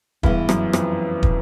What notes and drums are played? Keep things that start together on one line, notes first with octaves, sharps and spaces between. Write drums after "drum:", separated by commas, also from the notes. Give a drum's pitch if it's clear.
G2 E3 G#3 B3 E4, drum: kick
F#2, drum: rim click
F2, drum: rim click
drum: kick